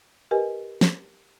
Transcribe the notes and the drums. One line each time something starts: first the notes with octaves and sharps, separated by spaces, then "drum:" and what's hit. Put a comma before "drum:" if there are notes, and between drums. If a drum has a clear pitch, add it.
G4 A#4 B4 D#5 G#5
drum: snare